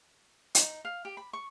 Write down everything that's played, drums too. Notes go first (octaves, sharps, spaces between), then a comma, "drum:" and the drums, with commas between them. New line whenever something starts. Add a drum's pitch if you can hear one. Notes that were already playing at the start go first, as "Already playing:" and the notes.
D#4, drum: hi-hat
F5
G4
B5
C#6